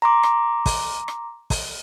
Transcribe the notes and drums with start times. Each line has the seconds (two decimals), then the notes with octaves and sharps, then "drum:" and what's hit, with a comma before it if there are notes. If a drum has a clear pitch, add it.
0.02 A#5 C6 D6
0.23 drum: rim click
0.66 drum: kick, open hi-hat
1.08 drum: rim click
1.50 drum: kick, open hi-hat